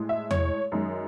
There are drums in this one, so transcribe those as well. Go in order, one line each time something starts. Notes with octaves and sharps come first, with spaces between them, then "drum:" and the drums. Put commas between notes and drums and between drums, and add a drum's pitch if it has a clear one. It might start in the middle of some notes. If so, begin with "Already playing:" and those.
Already playing: A2 G#3
E5
C#5, drum: tom E2
F#2 D#3 G#3